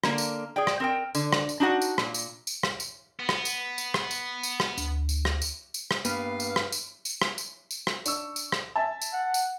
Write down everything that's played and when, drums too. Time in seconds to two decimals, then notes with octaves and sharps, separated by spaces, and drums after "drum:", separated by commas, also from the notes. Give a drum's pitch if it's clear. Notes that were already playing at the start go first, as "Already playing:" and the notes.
0.04 D3 A#3, drum: rim click
0.18 drum: tambourine
0.56 G#4 D5 G5
0.67 drum: rim click
0.80 C4 A#4 G5
1.15 D3, drum: tambourine
1.33 drum: rim click
1.49 drum: tambourine
1.60 D4 D#4 F#4 F#5
1.82 drum: tambourine
1.98 A#2, drum: rim click
2.14 drum: tambourine
2.47 drum: tambourine
2.63 drum: rim click
2.80 drum: tambourine
3.20 B3
3.29 drum: rim click
3.45 drum: tambourine
3.78 drum: tambourine
3.94 drum: rim click
4.11 drum: tambourine
4.43 drum: tambourine
4.60 drum: rim click
4.78 D2, drum: tambourine
5.09 drum: tambourine
5.25 drum: rim click
5.42 drum: tambourine
5.74 drum: tambourine
5.91 drum: rim click
6.05 G2 A#3 B3 G4 B4 F5, drum: tambourine
6.40 drum: tambourine
6.56 drum: rim click
6.72 drum: tambourine
7.05 drum: tambourine
7.22 drum: rim click
7.38 drum: tambourine
7.71 drum: tambourine
7.87 drum: rim click
8.06 D4 C#6 E6, drum: tambourine
8.36 drum: tambourine
8.52 drum: rim click
8.76 E5 G#5 A5
9.02 drum: tambourine
9.13 F#5
9.34 drum: tambourine